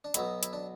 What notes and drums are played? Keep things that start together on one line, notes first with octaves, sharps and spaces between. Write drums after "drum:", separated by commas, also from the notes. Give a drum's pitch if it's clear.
D4
B1 B2 F#3 B3 E4, drum: hi-hat
E4, drum: hi-hat
D4